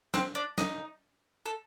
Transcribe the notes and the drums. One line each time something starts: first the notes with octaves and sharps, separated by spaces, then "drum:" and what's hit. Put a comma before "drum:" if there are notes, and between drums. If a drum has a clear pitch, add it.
C4, drum: snare
D4
D#4, drum: snare
A4